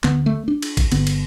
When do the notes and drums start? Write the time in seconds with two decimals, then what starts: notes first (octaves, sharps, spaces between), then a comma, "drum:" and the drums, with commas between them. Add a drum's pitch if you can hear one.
0.03 D2 D3 B3, drum: clap
0.26 A3
0.48 D4
0.62 drum: cymbal
0.77 drum: kick A1, cymbal
0.92 G1 G2 D3 B3, drum: cymbal
1.07 drum: cymbal